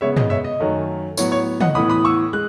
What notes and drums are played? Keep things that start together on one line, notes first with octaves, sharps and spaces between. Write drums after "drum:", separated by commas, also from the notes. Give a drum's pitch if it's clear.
C#3 G#3 B3 C#5 E5
D#5, drum: tom
C#5 E5
D#5
F#2 D#3 F#3 A3
A2 F#3 B3 C#5, drum: tambourine
C#5
D#5 F#5, drum: tom
A2 E3 B3 B5 D#6
B5 D#6
C#6 E6
G#3 F#6